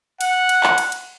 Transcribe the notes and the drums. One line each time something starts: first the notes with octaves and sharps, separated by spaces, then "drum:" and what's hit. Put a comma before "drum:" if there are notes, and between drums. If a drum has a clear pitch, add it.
F#5, drum: cymbal
drum: cymbal
drum: clap
drum: cymbal
drum: cymbal